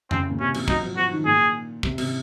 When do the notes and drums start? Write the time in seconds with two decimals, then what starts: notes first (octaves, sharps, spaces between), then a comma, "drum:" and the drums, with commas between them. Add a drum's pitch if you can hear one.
0.11 C#3 C4, drum: tom F2
0.29 A#2
0.40 C3 C#4
0.54 F3, drum: cymbal
0.68 F#3 D#4, drum: kick
0.83 F3
0.97 F3 F#4
1.11 D#3
1.25 A#2 G#4
1.83 C3, drum: kick
1.98 C3, drum: cymbal